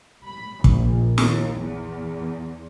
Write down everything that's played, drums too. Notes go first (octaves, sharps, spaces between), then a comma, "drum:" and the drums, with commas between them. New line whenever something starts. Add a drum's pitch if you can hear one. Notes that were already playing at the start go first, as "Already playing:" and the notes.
B5
A#1, drum: kick
D#2, drum: snare
E2